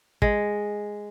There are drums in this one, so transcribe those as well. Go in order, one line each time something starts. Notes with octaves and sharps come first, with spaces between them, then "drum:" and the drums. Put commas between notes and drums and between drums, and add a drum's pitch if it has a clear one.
G#3, drum: kick